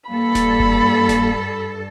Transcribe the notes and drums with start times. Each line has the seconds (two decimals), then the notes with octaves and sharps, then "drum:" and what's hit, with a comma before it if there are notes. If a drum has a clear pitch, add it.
0.10 G2 A#3 A4 B5
0.35 drum: snare D#1
0.60 drum: kick F1
1.09 drum: snare D#1